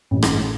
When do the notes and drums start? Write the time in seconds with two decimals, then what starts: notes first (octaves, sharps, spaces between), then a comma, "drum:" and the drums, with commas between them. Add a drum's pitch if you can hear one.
0.11 A1
0.22 drum: rim click